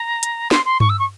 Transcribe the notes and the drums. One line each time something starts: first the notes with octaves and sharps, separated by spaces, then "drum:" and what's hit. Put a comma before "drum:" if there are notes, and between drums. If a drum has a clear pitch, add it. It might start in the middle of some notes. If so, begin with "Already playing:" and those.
Already playing: A#5
drum: hi-hat
C6, drum: snare
C6
C#6, drum: tom G2
E6
C#6